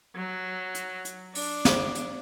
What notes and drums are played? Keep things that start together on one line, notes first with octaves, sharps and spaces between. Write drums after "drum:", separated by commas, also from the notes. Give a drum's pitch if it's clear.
F#3
drum: hi-hat
drum: hi-hat
D4, drum: open hi-hat
drum: snare
drum: hi-hat